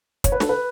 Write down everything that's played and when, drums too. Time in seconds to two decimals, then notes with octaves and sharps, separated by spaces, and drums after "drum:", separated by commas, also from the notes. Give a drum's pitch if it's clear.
0.24 C#5, drum: kick, hi-hat
0.32 B4
0.40 A4, drum: snare
0.49 B4